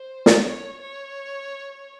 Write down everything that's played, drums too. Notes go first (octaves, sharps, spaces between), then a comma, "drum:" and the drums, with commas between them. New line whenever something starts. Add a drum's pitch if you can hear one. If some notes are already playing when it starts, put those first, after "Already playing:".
Already playing: C5
C#5, drum: snare
C#5